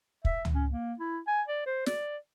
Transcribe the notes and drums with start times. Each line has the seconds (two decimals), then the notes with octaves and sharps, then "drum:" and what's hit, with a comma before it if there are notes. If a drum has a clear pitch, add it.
0.25 E5, drum: kick
0.45 drum: tom C#2
0.54 C#4
0.71 A#3
1.00 E4
1.28 G#5
1.48 D5
1.66 C5
1.86 D5, drum: snare